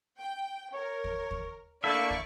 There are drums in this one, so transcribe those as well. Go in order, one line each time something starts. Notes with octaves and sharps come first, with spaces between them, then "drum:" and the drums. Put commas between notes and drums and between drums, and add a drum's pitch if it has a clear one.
G5
A#4 C#5
drum: kick
drum: kick
D3 A3 A#3 E4 D5 E5 C#6
drum: kick